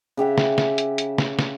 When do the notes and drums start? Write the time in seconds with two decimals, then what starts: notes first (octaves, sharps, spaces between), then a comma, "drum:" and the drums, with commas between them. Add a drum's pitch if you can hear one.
0.17 C#3 G4 E5 F#5
0.38 drum: snare
0.58 drum: snare
0.78 drum: hi-hat
0.98 drum: hi-hat
1.18 drum: snare
1.39 drum: snare